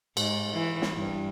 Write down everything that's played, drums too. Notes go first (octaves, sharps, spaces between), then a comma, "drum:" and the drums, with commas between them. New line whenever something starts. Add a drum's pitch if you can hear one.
G#2, drum: cymbal
E3
drum: snare
G2